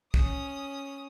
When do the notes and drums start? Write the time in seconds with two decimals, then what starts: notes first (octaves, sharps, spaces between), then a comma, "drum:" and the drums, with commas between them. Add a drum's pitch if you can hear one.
0.14 C#4 D#6, drum: kick